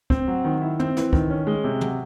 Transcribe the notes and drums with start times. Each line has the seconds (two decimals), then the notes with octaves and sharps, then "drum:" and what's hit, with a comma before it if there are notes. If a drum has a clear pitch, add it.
0.10 C4, drum: kick
0.27 F#3
0.44 D#3
0.62 E4
0.80 C4, drum: tom
0.97 E3, drum: snare
1.13 D#3, drum: kick
1.30 C#4
1.47 G#3
1.64 C3
1.81 F#3, drum: tom